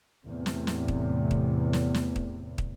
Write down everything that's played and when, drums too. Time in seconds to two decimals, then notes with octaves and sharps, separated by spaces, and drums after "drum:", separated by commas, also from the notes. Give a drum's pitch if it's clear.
0.25 E2 A2 C3
0.46 drum: snare
0.67 drum: snare
0.88 drum: kick
1.31 drum: kick
1.73 drum: snare
1.94 drum: snare
2.16 drum: kick
2.58 drum: kick